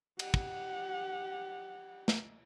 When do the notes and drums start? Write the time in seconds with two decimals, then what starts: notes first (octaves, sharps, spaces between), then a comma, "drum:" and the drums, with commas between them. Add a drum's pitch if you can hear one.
0.19 G4 F#5, drum: cymbal
0.34 drum: kick
2.08 drum: snare